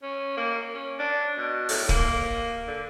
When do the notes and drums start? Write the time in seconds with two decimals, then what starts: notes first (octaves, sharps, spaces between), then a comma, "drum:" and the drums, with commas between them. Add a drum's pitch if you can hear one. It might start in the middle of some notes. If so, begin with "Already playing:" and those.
0.02 C#4
0.37 A#3
0.73 C#4
0.99 D4
1.37 B2
1.69 A2, drum: open hi-hat
1.89 A#3, drum: kick
2.67 D3